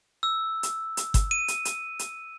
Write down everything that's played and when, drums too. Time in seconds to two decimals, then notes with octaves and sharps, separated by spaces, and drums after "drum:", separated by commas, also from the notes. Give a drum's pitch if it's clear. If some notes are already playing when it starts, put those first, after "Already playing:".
0.23 E6
0.63 drum: hi-hat
0.97 drum: hi-hat
1.14 drum: kick G1, hi-hat
1.31 D#7
1.48 drum: hi-hat
1.65 drum: hi-hat
1.99 drum: hi-hat